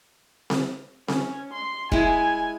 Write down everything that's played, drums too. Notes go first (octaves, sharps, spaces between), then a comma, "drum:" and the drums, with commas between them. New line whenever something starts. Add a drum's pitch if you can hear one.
drum: snare C4
C#4, drum: snare C4
C6
G#3 E4 G#5, drum: kick F1